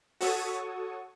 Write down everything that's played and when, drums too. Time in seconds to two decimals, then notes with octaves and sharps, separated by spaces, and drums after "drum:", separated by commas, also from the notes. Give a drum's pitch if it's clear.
0.21 F#4 A4 C#5 C#6 D#6, drum: open hi-hat